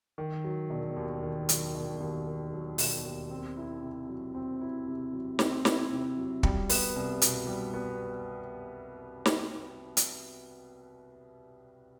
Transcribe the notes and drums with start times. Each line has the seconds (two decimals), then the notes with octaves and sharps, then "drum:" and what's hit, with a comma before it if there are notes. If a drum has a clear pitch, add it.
0.18 D#3
0.44 F#3
0.70 E1
0.96 D#2
1.23 D#3
1.49 F#3, drum: hi-hat
1.75 E1
2.00 D#2
2.27 D#3
2.53 F#3
2.78 E1, drum: open hi-hat
3.05 D#2
3.31 C4
3.57 E4
3.83 C3
4.09 F#3
4.35 C4
4.61 E4
4.87 C3
5.13 F#3
5.39 C4, drum: snare
5.65 E4, drum: snare
5.91 C3
6.17 F#3
6.43 G3, drum: kick
6.69 B3, drum: open hi-hat
6.96 C2
7.22 B2, drum: hi-hat
7.47 G3
7.74 B3
9.26 drum: snare
9.97 drum: hi-hat